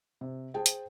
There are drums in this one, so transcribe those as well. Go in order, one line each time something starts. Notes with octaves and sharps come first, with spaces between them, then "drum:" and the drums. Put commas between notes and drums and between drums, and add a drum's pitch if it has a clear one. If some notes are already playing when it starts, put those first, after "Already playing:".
C3
G#4 C5 G5 A5
drum: hi-hat